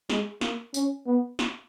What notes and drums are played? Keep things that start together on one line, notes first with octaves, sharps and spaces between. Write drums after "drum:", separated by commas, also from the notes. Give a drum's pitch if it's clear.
G#3, drum: snare
A#3, drum: snare
C#4, drum: tambourine
B3
drum: snare